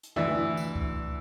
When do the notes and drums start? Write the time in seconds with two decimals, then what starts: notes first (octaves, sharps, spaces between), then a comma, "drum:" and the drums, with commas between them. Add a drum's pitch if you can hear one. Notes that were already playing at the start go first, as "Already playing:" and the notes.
0.03 drum: hi-hat
0.16 D2 E3 E5
0.57 drum: tambourine
0.76 drum: kick C#2